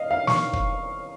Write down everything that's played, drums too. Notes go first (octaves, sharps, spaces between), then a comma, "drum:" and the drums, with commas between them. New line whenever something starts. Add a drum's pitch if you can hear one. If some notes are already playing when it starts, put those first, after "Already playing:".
Already playing: D#5 F5
F5
C#6, drum: snare
drum: kick